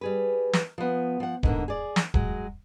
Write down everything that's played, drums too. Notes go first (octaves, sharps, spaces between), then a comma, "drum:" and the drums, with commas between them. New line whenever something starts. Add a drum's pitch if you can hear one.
G3 G#4 B4
drum: snare
F3 B3
F3 F#5
G#2 D3 A#3, drum: kick
G#4 D5
drum: snare
F#3 G#3, drum: kick